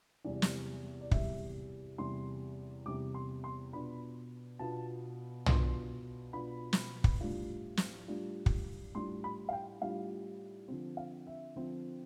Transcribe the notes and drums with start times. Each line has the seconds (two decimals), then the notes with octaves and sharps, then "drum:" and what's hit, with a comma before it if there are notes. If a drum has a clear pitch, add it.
0.25 E2 C3 G3 D5
0.42 drum: snare
1.01 D5
1.11 E2 C3 G3 E5, drum: kick
1.98 E2 C3 G3 C6
2.86 E2 C3 G3 D6
3.14 C6
3.44 C6
3.73 B2 B3 D4 F4 B5
4.59 B2 B3 D4 F4 A5
5.46 B2 B3 D4 F4 C6, drum: tom
6.33 B2 B3 D4 F4 B5
6.73 drum: snare
7.04 drum: kick
7.21 A2 G3 D4 F4
7.77 drum: snare
8.08 A2 G3 D4 F4
8.46 drum: kick
8.95 A2 G3 D4 F4 C6
9.24 B5
9.49 F5
9.53 G5
9.81 A2 G3 D4 F4 F5
10.68 D3 F3 C4
10.97 F5
11.27 E5
11.56 D3 F3 C4